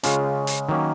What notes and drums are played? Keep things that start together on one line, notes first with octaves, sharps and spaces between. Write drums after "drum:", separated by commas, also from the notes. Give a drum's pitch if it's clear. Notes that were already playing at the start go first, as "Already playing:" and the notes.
C#3 G#3 C#4 F4, drum: hi-hat
drum: hi-hat
D#3 F#3 A#3 C#4